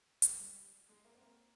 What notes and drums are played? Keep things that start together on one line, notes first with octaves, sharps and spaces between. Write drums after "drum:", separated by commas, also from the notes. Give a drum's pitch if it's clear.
G#3, drum: hi-hat
G3
G#3
A#3
C4
A#3